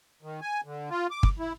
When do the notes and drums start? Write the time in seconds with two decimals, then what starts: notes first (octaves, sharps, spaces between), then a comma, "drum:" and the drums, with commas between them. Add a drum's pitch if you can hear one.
0.22 D#3
0.41 G#5
0.64 D3
0.90 F4
1.11 D6
1.23 drum: kick
1.39 E4